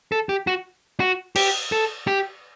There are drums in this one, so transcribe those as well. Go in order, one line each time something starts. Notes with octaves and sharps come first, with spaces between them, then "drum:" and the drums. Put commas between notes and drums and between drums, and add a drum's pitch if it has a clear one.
A4
G4
F#4
F#4
G4, drum: cymbal
A4
G4